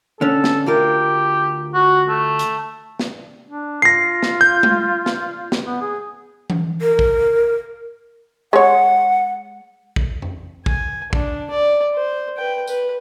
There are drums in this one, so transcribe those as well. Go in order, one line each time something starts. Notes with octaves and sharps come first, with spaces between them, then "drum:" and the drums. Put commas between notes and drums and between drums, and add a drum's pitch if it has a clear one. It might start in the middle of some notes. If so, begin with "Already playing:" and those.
D3 C#4 A4
drum: snare
D2 F4 G4 A#4
F#4
A3
drum: hi-hat
drum: snare
D4
F4 A#6 C7
drum: snare
G6
drum: tom G#3
drum: snare
drum: snare
B3
G#4
drum: tom E3
A#4
drum: kick
G#3 C#5 F#5
drum: kick
drum: tom F2
G#5, drum: kick
D4, drum: kick
D5
C5
B4 G5
B4, drum: tambourine